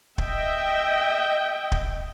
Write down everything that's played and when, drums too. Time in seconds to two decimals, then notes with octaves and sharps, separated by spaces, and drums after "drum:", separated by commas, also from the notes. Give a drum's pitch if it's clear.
0.18 D#5 E5 G5, drum: kick
1.72 drum: kick